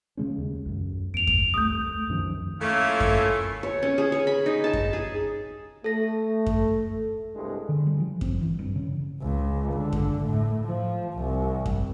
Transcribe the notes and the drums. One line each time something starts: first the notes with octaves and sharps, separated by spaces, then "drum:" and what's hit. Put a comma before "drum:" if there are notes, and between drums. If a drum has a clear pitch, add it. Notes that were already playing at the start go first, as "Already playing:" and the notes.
C#3 G#3 C#4
D#2
B1 F#2
E2 D7 F7
drum: kick F#2
C2 A3 D#6 G6
F#2 D#3 F3
A3 A#3 C#4 E4 F4
drum: kick F#2
C#5
C#4
G#4
C#5
B5
D#4
A5
drum: kick F#2
G#4
A3 A4 A#6
drum: kick F#2
C2 G2 G#3
D3
G3
F3
C4, drum: kick F#2
E3
G2
C#3
C#2
D3
drum: kick F#2
A2
F3
C2
drum: kick F#2